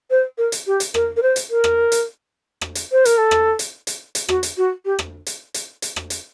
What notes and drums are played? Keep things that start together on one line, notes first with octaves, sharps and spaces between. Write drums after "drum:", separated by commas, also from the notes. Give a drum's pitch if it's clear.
C5
A#4
drum: hi-hat
G4
drum: hi-hat
A#4, drum: rim click
A#4
C5
drum: hi-hat
A#4
drum: rim click
drum: hi-hat
drum: rim click
drum: hi-hat
C5
A#4, drum: hi-hat
A4
drum: rim click
drum: hi-hat
drum: hi-hat
drum: hi-hat
F#4, drum: rim click
drum: hi-hat
F#4
G4
drum: rim click
drum: hi-hat
drum: hi-hat
drum: hi-hat
drum: rim click
drum: hi-hat